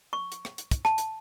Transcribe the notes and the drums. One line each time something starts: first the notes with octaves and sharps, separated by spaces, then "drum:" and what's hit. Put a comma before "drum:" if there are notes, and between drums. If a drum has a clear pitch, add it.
C#6
drum: hi-hat
drum: rim click
drum: hi-hat
drum: kick, hi-hat
A5, drum: rim click
drum: hi-hat